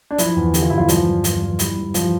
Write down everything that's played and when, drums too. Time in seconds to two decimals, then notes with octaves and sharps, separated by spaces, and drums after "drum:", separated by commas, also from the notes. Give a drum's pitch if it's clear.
0.11 D4
0.18 F3 E4, drum: hi-hat
0.36 E2
0.54 D3 G4, drum: hi-hat
0.62 F4
0.70 E2 E4
0.78 F3 F4
0.89 G2 F3 F4, drum: hi-hat
1.07 G2
1.24 F3, drum: hi-hat
1.42 F3
1.59 G3 E4, drum: hi-hat
1.77 G2
1.94 E3 F3 F4, drum: hi-hat